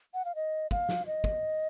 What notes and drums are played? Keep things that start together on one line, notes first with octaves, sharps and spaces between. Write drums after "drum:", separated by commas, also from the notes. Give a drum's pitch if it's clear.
F#5
F5
D#5
F5, drum: kick
drum: snare
D#5
drum: kick